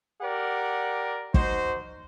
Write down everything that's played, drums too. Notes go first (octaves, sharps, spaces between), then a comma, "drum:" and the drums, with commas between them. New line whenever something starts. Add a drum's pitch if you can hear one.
G4 A#4 D5 F#5
D#4 F#4 C5, drum: kick